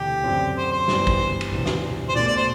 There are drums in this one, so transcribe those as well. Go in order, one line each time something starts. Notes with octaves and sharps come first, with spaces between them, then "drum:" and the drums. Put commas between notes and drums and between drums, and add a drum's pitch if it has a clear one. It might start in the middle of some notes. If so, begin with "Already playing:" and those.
Already playing: E1 D2 C3 E3 A3 G4
F#2 D3 F#3 C4
C5
C5
G2 E3 B3 D4, drum: snare
drum: kick
drum: cymbal
E1 D2 C3 E3
drum: snare
C5
B1 B2 A3 D4 D5
D5
C5